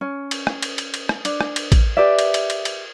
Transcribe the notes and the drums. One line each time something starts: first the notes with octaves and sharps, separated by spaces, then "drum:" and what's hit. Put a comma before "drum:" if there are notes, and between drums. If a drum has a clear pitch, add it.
C#4
drum: cymbal
drum: rim click
drum: cymbal
drum: cymbal
drum: cymbal
drum: rim click
D4, drum: cymbal
drum: rim click
drum: cymbal
drum: kick, cymbal
G4 B4 D5 E5
drum: cymbal
drum: cymbal
drum: cymbal
drum: cymbal